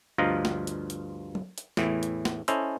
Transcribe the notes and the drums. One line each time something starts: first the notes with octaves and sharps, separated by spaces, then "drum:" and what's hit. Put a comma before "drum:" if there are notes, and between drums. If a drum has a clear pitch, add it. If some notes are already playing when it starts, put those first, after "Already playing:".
D2 G2 F3 F4 D#5 A#5
drum: snare
drum: hi-hat
drum: hi-hat
drum: tom F#3
drum: hi-hat
E2 A2 E3, drum: snare
drum: hi-hat
drum: snare
C#4 E4 A4 C5 D#5, drum: hi-hat